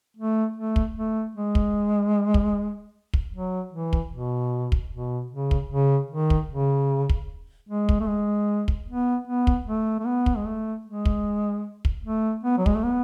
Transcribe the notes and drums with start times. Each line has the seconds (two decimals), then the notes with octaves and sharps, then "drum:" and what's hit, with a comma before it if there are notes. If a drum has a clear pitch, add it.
0.17 A3
0.56 A3
0.76 drum: kick
0.96 A3
1.35 G#3
1.55 drum: kick
2.34 drum: kick
3.13 drum: kick
3.33 F#3
3.73 E3
3.93 drum: kick
4.12 B2
4.72 drum: kick
4.91 B2
5.31 C#3
5.51 drum: kick
5.71 C#3
6.10 D#3
6.30 drum: kick
6.50 C#3
7.09 drum: kick
7.69 G#3
7.89 drum: kick
8.00 A3
8.08 G#3
8.68 drum: kick
8.88 B3
9.27 B3
9.47 drum: kick
9.67 A3
9.99 A3
10.06 B3
10.26 drum: kick
10.37 G#3
10.46 A3
10.86 G#3
11.05 drum: kick
11.85 drum: kick
12.04 A3
12.43 B3
12.58 F#3
12.66 G#3, drum: kick
12.75 A3
12.83 B3